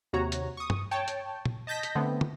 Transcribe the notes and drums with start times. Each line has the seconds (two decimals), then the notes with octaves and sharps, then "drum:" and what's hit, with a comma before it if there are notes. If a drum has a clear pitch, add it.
0.13 D#2 C3 F#4 C#5 A#5
0.32 drum: hi-hat
0.57 C#6 D#6
0.70 drum: tom
0.91 C#5 G5 A5
1.08 drum: hi-hat
1.45 drum: tom
1.67 D#5 A5 G6 A#6 B6
1.83 drum: hi-hat
1.95 D3 A3 B3 C4
2.21 drum: tom